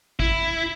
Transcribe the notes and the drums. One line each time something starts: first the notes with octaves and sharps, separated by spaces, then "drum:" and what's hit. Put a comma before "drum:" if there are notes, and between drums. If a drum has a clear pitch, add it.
E4, drum: kick